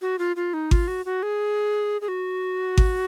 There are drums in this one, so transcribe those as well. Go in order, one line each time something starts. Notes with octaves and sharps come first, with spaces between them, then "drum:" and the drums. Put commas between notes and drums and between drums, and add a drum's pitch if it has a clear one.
F#4
F4
F4
D#4
F4, drum: kick G#1
F#4
F#4
G#4
G#4
F#4
drum: kick G#1